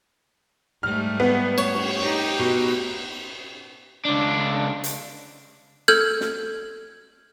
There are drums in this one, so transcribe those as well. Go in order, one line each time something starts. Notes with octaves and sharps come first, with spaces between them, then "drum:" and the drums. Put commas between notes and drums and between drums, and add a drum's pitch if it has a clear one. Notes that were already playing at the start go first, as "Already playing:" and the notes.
G#2 G3 A3 F6
B3
C#5, drum: cymbal
drum: cymbal
D#4 G4
B2
C#2 D4
drum: hi-hat
A4 F6 G6 G#6, drum: snare
drum: snare